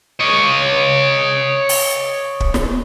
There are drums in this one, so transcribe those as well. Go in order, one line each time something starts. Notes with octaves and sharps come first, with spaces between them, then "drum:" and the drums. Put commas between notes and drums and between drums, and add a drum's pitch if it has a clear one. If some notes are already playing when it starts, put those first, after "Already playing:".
C#5 D#5
drum: open hi-hat
drum: kick
drum: snare